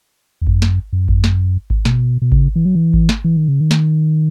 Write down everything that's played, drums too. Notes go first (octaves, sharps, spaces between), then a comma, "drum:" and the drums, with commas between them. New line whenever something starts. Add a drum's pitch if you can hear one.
E2
F#2, drum: kick G#1
drum: snare
F#2
drum: kick G#1
drum: snare
drum: kick G#1
B2, drum: snare
B2
C#3, drum: kick G#1
E3
F#3
E3
drum: kick G#1
drum: snare
E3
D#3
C#3
D#3
drum: snare